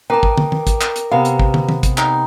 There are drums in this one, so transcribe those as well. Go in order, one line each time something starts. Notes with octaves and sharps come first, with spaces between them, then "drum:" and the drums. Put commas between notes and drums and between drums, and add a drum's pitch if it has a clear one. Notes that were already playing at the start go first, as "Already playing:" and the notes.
A#4 B4 D#5 G5 A5 D6
drum: kick
drum: tom
drum: tom
drum: kick, hi-hat
drum: clap
drum: hi-hat
C3 B3 G4 B4 F5 A#5
drum: hi-hat
drum: kick
drum: tom
drum: tom
drum: kick, hi-hat
D#4 G5, drum: clap